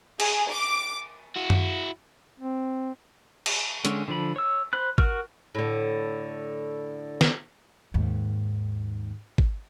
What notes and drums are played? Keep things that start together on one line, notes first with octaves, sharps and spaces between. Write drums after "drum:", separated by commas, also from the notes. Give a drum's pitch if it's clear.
G#4, drum: cymbal
D6
E4 F#4
drum: tom F#2
C4
drum: cymbal
D3 G#3 C#4, drum: hi-hat
D3 F3 B5
C#5 E6
C5 B5 F#6
F#4 A#4 C#6 F6, drum: kick
A2 D3
drum: snare
D#2 G#2
drum: kick